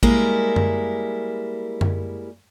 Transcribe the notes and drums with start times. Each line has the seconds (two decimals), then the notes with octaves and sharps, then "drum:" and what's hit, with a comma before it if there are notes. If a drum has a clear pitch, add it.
0.03 G3 G#3 A#3 E4 A#4, drum: kick
0.56 drum: tom F#2
1.81 drum: tom F#2